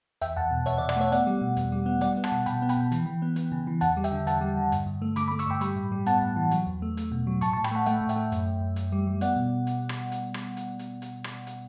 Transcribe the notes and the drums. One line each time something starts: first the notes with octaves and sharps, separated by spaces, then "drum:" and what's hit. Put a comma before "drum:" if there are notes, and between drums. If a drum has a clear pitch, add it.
E2 E5 G5, drum: hi-hat
E2 F#5 A5
B2
E2 C#5 E5, drum: hi-hat
D5 F#5
B2
D5 F#5, drum: rim click
A3 C#5 E5
B3 D5 F#5, drum: hi-hat
G3
B2
E2, drum: hi-hat
G3
B3
G3 D5 F#5, drum: hi-hat
B3
F#5 A5, drum: rim click
B2
B2 G5 B5, drum: hi-hat
B3
G5 B5, drum: hi-hat
B2
E3, drum: hi-hat
E3
B3
B3, drum: hi-hat
C#3
E3
E2 F#5 A5, drum: hi-hat
G3
E5 G5, drum: hi-hat
D3
E2 F#5 A5, drum: hi-hat
G3
D3
G2, drum: hi-hat
G2
A3
D3 B5 D6, drum: hi-hat
B5 D6
A3
C#6 E6, drum: hi-hat
G2 G5 B5
G3 G5 B5, drum: hi-hat
A2
G3
B3 F#5 A5, drum: hi-hat
A2
E3
F#3, drum: hi-hat
E2
A3
A3, drum: hi-hat
B2
F#3
A2 A5 C#6, drum: hi-hat
A5 C#6
A2
G5 B5, drum: rim click
A3 F#5 A5
A3 E5 G5, drum: hi-hat
A2
E5 G5, drum: hi-hat
A3
F#2, drum: hi-hat
F#2
F#2
F#2, drum: hi-hat
G3
G3
B3 D5 F#5, drum: hi-hat
B2
drum: hi-hat
drum: rim click
drum: hi-hat
drum: rim click
drum: hi-hat
drum: hi-hat
drum: hi-hat
drum: rim click
drum: hi-hat